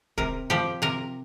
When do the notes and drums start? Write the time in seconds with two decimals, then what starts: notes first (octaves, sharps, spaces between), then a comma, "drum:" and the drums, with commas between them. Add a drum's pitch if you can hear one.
0.18 C3 A#4, drum: kick
0.50 F3 G4
0.82 C3 A#4